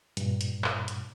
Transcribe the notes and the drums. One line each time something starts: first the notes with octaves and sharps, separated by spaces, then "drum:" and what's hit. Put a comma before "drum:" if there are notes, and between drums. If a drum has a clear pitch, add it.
G2 A#2, drum: hi-hat
drum: hi-hat
drum: clap
drum: hi-hat